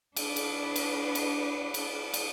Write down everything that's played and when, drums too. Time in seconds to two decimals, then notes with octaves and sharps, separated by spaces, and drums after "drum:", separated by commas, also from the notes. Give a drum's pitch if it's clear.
0.16 D4 B4, drum: cymbal
0.36 drum: cymbal
0.76 drum: cymbal
1.15 drum: cymbal
1.74 drum: cymbal
2.14 drum: cymbal